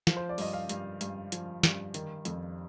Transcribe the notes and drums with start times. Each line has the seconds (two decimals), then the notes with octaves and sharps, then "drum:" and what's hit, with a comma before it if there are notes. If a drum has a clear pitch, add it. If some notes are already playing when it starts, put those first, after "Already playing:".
0.07 F3, drum: snare
0.17 C5
0.29 D5
0.38 G2 D#5, drum: open hi-hat
0.53 F5
0.69 G2, drum: hi-hat
1.01 G2, drum: hi-hat
1.32 F3, drum: hi-hat
1.63 G2, drum: snare
1.94 D#3, drum: hi-hat
2.25 F2, drum: hi-hat